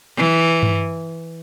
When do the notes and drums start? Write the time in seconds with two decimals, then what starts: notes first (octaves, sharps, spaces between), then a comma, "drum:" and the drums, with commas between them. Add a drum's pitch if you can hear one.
0.17 E3
0.63 drum: tom G2